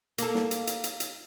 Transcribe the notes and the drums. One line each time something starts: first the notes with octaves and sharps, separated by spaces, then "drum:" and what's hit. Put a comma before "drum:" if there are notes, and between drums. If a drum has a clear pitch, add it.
A#3 A4, drum: hi-hat
drum: snare
drum: hi-hat
drum: hi-hat
drum: hi-hat
drum: hi-hat